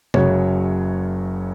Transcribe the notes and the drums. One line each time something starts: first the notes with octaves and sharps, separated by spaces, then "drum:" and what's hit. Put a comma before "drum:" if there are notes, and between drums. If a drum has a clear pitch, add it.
F#1 F#2 C#3 F#3 C#5, drum: tom C3